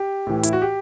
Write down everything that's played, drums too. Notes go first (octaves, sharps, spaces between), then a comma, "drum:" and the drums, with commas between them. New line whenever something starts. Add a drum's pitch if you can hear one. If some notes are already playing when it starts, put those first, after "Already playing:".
Already playing: G4
A2 E3
E4, drum: hi-hat
F#4
G4